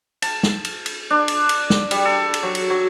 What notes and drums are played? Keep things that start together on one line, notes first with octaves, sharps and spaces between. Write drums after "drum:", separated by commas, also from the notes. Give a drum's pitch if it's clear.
A5, drum: cymbal
drum: snare
drum: cymbal
drum: cymbal
D4
drum: cymbal
drum: cymbal
drum: snare
G3, drum: cymbal
A4
drum: cymbal
F#3
drum: cymbal
F#3